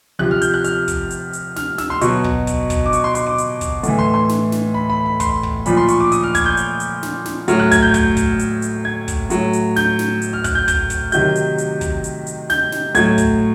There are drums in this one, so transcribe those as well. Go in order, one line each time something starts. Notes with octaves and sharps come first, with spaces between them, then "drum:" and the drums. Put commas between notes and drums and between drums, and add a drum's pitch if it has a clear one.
C3 F3 F#6
F6
G6, drum: hi-hat
F#6
F6, drum: hi-hat
drum: kick, hi-hat
drum: hi-hat
drum: hi-hat
F6, drum: snare
E6, drum: snare
C6
B2 F#3 C#6, drum: hi-hat
drum: kick
drum: kick, hi-hat
drum: kick, hi-hat
D6
C#6, drum: hi-hat
C6
C6, drum: hi-hat
D6
drum: hi-hat
drum: kick, hi-hat
A2 E3, drum: hi-hat
C6
C6
drum: snare
drum: snare
B5
B5
B5
C6, drum: kick, hi-hat
drum: kick
A#2 F3 B5, drum: hi-hat
C6
C#6, drum: hi-hat
D6
D#6, drum: hi-hat
F6
G#6, drum: kick, hi-hat
G6
drum: hi-hat
drum: hi-hat
drum: snare
drum: snare
A2 F#3 F6, drum: hi-hat
F#6
G#6, drum: kick, hi-hat
G6
G6, drum: kick, hi-hat
drum: kick, hi-hat
drum: hi-hat
drum: hi-hat
G#6
drum: kick, hi-hat
A2 F#3, drum: hi-hat
drum: hi-hat
G6, drum: snare
drum: snare
drum: hi-hat
F6
F#6, drum: kick, hi-hat
G6
G6, drum: kick, hi-hat
drum: kick, hi-hat
C3 D#3 F#3 G6, drum: hi-hat
drum: hi-hat
drum: hi-hat
drum: kick, hi-hat
drum: hi-hat
drum: hi-hat
G6, drum: snare
drum: snare
A2 F#3 G#6, drum: hi-hat
drum: kick, hi-hat